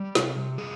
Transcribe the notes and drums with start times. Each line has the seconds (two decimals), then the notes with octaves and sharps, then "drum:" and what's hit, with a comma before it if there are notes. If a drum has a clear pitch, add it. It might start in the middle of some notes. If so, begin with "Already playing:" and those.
Already playing: G3
0.15 C3, drum: snare
0.58 G3 G#4